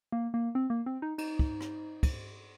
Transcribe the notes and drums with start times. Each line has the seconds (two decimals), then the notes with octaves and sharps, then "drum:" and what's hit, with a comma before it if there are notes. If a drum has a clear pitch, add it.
0.12 A#3
0.34 A#3
0.55 C4
0.70 A#3
0.86 C4
1.02 D#4
1.18 D#4, drum: cymbal
1.39 drum: kick
1.61 drum: rim click
2.03 drum: kick, cymbal